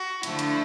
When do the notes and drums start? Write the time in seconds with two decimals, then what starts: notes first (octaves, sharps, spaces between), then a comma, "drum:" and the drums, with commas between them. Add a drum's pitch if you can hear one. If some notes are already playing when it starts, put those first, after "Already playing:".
Already playing: F#4
0.23 D3 F3 A3 E4, drum: hi-hat
0.39 drum: hi-hat